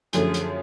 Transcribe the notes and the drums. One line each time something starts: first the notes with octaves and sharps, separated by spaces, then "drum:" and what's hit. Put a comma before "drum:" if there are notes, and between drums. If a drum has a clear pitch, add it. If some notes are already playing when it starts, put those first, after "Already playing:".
F#2 D3 F3 A3 C#4 G#4, drum: hi-hat
drum: hi-hat